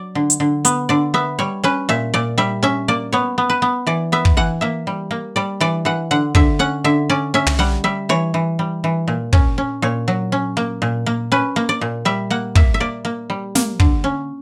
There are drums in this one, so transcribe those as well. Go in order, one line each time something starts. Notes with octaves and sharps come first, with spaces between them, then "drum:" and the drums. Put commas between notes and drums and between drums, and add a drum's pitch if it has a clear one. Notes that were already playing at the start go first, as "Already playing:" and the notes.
Already playing: F#3 D5
D3
drum: hi-hat
D3
B3, drum: hi-hat
D3 D5
B3 E5
G3 C#5
C#4 B4
A#2 E5
A#2 D5
G3 E5
C#4 E5
A#3 D5
B3 C#5
B3
B4
B3
E3 D5
B3 E5
drum: kick
E3 F#5
A#3 E5
G3
A#3
G3 D5
E3 D5
E3 F#5
D3 F#5
D3 E5, drum: kick
C#4 F#5
D3 E5
C#4 D5
C#4 E5
drum: tom
G3 F#5
G3 E5
E3 C#5
E3
G3
E3
A#2
C#4, drum: kick
C#4
A#2 C#5
F#3
C#4
A#3
A#2
A#3
C#4 B4
A#3
D5
A#2
G3 E5
A#3 F#5
A#3 E5, drum: kick
E5
A#3 D5
A#3
G3
A#3, drum: snare
D3, drum: kick
C#4